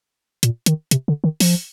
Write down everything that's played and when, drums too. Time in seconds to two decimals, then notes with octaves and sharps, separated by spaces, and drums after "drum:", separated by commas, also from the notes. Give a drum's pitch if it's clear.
0.43 A#2, drum: hi-hat
0.66 D#3, drum: hi-hat
0.91 C3, drum: hi-hat
1.08 D3
1.24 D#3
1.40 F3, drum: open hi-hat